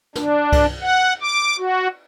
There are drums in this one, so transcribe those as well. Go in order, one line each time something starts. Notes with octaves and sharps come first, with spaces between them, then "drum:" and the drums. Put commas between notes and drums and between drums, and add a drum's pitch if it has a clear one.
D4, drum: snare
drum: kick C2, cymbal
F#5
D6
F#4